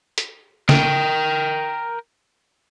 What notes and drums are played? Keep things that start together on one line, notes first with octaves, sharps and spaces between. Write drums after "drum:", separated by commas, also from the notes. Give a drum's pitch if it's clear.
drum: hi-hat
A#4 G5, drum: snare